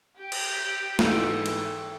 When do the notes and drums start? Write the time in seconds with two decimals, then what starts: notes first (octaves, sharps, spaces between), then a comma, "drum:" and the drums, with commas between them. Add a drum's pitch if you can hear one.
0.17 G4 G5
0.32 drum: cymbal
0.99 G#2 E3 A4, drum: snare
1.46 drum: cymbal